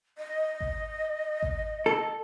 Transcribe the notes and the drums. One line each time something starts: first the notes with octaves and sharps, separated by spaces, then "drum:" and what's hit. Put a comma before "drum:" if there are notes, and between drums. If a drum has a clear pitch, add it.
D#5
drum: kick G#1
drum: kick G#1
A4